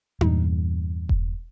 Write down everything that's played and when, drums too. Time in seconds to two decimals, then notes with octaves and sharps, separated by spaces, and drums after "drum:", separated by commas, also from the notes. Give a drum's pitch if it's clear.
0.21 E2 G2 A#2, drum: tom D#4
1.09 drum: kick E1